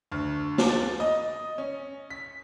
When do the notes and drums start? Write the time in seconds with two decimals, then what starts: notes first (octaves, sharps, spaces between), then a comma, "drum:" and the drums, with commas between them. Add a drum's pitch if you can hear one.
0.12 D2
0.58 drum: snare
0.69 A6
1.00 D#5
1.58 C#4
2.10 B6